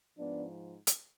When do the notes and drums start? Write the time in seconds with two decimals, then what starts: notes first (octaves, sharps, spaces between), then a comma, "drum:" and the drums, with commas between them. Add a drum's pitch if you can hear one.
0.18 G#2 F3 B3 D4
0.87 drum: hi-hat